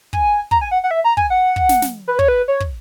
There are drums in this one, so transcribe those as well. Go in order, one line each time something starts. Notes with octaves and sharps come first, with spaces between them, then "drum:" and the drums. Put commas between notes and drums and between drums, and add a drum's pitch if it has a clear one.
G#5, drum: kick
A#5, drum: kick
G#5
F#5
F#5
E5
A#5
G#5, drum: kick
F#5
drum: kick
drum: snare
drum: snare
B4
C#5, drum: kick
B4
C#5
drum: kick